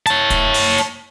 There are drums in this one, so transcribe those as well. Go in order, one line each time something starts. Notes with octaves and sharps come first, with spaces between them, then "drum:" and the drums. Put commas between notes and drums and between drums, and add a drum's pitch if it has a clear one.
C#5 A5, drum: hi-hat
drum: kick, hi-hat
drum: open hi-hat
drum: hi-hat